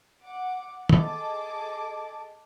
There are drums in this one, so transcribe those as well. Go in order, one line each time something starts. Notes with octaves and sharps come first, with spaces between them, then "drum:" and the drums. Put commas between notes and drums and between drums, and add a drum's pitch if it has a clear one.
F#5 D6
G#4 A4 D#5 A5 D6, drum: tom